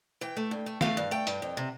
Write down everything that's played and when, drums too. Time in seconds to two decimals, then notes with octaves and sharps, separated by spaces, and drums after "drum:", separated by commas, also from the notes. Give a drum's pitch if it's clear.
0.21 E3 G5
0.37 A3
0.51 G2
0.66 A3
0.81 A3 F5, drum: snare
0.97 G2
1.11 A3 G5
1.27 G2, drum: hi-hat
1.42 F2
1.57 C3